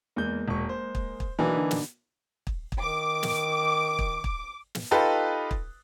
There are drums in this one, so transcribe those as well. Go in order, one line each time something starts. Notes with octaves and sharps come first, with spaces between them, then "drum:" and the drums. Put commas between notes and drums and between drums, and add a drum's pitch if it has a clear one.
E2 G#3 A#3 G6
E1 C#6
C5
drum: kick
drum: kick
B1 E3 A#3 D4 D#4
D3
drum: snare
drum: kick
drum: kick
D#3 D6
drum: snare
drum: kick
drum: kick
drum: snare
D#4 F4 G4 A4 B4
drum: kick